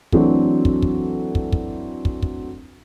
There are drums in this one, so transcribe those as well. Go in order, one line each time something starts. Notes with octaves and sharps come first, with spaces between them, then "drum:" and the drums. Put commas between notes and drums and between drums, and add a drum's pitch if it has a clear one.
E3 F#3 A3 C4 D4 F#4, drum: kick
drum: kick
drum: kick
drum: kick
drum: kick
drum: kick
drum: kick